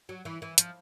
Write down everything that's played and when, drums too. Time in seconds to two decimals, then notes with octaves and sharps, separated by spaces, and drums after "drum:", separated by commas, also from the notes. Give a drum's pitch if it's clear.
0.09 F#3
0.25 E3
0.42 E3
0.58 F3, drum: hi-hat